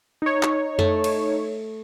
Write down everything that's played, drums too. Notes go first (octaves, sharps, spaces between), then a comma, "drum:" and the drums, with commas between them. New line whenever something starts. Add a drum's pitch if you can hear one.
D#4 C#5
drum: clap
A3, drum: tom F2
drum: cymbal